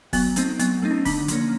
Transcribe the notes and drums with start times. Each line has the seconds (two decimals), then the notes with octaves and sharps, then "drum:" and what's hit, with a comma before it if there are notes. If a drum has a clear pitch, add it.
0.13 F#3 B3, drum: kick, open hi-hat
0.36 A3 C4 D#4, drum: hi-hat
0.59 F#3 B3, drum: hi-hat
0.82 A3 C4 D#4
0.91 C#4
1.05 D3 D4, drum: kick, open hi-hat
1.28 F3 A#3 C#4, drum: hi-hat